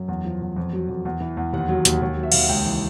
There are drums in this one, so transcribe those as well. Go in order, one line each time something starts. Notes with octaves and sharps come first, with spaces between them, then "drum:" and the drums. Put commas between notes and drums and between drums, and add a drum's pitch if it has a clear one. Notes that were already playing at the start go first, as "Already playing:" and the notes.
Already playing: F#2
E2
F3
E2
F2
F#3
F2
E2
E3
E2
D#2 F#5
F#3
D#2, drum: hi-hat
D#2
F#3
E5
D#2 F5, drum: cymbal
F#5
C#2 G5
E3